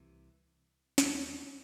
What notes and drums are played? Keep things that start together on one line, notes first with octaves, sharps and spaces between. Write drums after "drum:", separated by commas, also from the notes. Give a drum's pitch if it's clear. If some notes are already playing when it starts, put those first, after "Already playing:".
Already playing: C2 C3 E3
D#2 D#3 A3, drum: snare